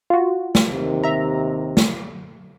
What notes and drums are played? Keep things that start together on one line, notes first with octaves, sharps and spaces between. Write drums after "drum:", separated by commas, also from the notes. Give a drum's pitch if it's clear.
F4 F#4
drum: snare
D#2 C3 D#3
E5 A#5
drum: snare